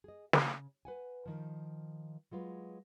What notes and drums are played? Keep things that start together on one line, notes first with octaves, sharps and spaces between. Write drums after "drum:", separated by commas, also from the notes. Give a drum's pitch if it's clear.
G#4 D#5
C#3, drum: snare
B4 F#5 G#5
D#3 F3
F#3 G#3 F4 B4